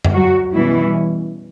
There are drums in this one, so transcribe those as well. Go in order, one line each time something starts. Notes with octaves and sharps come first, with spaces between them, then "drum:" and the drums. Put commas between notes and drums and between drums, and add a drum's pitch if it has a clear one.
drum: tom F#2
F#3 F#4
B2 E3 G3 C#4 E4